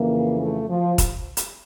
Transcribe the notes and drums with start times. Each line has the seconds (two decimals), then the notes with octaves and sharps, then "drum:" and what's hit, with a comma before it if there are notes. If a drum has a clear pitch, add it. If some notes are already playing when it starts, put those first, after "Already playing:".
Already playing: F2 C#3 E3 A#3
0.40 A3
0.69 F3
0.98 drum: kick, hi-hat
1.37 drum: hi-hat